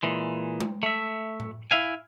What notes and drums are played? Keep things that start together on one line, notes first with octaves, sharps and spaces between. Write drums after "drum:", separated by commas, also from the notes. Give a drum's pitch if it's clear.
A#2 E3 G#3
drum: tom G#3
A3 E5
drum: tom A2
E4 E5 F5 G#5